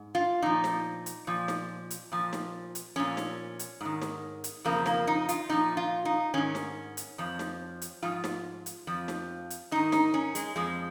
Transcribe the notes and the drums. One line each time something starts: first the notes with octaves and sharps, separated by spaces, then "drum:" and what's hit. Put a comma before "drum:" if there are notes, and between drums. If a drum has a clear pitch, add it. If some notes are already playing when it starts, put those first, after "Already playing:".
Already playing: G#2
F4
A#2 F3 D#4
drum: snare
drum: hi-hat
A#2 F3
drum: snare
drum: hi-hat
A#2 F3
drum: snare
drum: hi-hat
A#2 F3 C#4
drum: snare
drum: hi-hat
G#2 D#3
drum: snare
drum: hi-hat
F2 C#3 F3 A#3
A#3, drum: snare
D#4
F4, drum: hi-hat
A#2 F3 D#4
F4
D#4
G#2 D#3 C#4
drum: snare
drum: hi-hat
F2 F3
drum: snare
drum: hi-hat
G#2 F3 F4
drum: snare
drum: hi-hat
F2 F3
drum: snare
drum: hi-hat
G#2 D#3 D#4
D#4, drum: snare
C#4
G#3, drum: hi-hat
F2 F3 G#3